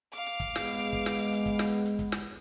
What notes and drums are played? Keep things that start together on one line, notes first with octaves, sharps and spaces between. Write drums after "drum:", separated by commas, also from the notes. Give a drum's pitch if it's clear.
F5 D6, drum: hi-hat
drum: hi-hat
drum: kick, hi-hat
G#3 B3, drum: snare
drum: hi-hat
drum: hi-hat
drum: kick
drum: snare
drum: hi-hat
drum: hi-hat
drum: kick, hi-hat
drum: snare
drum: hi-hat
drum: hi-hat
drum: kick, hi-hat
drum: snare